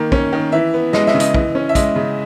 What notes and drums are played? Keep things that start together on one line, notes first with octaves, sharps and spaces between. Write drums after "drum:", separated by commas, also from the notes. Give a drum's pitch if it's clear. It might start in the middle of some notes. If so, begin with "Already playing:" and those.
Already playing: D#3 A#3
C#4, drum: kick
D#3
E3 E5
B3
G#3 D#5, drum: snare
E5, drum: snare
C#3
D#5, drum: hi-hat
E3, drum: kick
C#4
E5
G#3 D#5, drum: kick, hi-hat
C#3